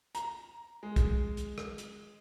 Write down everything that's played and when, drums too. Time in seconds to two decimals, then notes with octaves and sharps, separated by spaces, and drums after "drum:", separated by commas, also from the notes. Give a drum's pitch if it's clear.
0.15 A#5, drum: hi-hat
0.83 G#3
0.96 drum: kick, hi-hat
1.37 drum: hi-hat
1.58 drum: rim click
1.78 drum: hi-hat